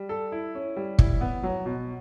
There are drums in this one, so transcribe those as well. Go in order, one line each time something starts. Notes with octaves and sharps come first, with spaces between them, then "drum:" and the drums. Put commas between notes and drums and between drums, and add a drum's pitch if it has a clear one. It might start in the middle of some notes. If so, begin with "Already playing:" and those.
Already playing: G3
A4
E4
C#4
G3
E4, drum: kick
B3
F#3
B2